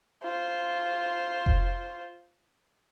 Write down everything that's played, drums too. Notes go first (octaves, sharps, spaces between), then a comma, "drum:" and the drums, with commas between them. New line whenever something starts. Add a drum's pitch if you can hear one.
F4 C5
drum: kick F1